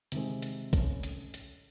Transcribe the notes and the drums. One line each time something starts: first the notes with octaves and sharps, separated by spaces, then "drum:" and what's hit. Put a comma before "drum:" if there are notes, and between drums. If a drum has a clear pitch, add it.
C3 D#3 G#3 C4, drum: hi-hat
drum: hi-hat
A3 C#4, drum: kick, hi-hat
drum: hi-hat
drum: hi-hat